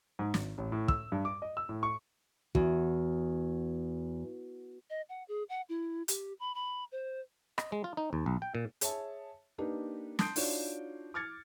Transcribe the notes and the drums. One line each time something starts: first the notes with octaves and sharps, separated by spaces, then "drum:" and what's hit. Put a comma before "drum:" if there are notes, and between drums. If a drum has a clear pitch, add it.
G#2
G#1, drum: snare
A1
A2
E6, drum: kick
G2
D6
D#5
E6
A2
C#6
E2 F#4, drum: kick
D#5
F#5
G#4
F#5
E4
G4, drum: hi-hat
B5
B5
C5
D#5, drum: rim click
G#3
F4
D#4
D#2
B1
G5
A#2
G#4 C#5 E5 A5, drum: hi-hat
A#3 D4 D#4 G4 A#4 B4
A5 C6 D#6 G6 C7 D7, drum: snare
D4 D#4 F4 F#4 C#5 D5, drum: open hi-hat
D6 F6 G#6 A6 C#7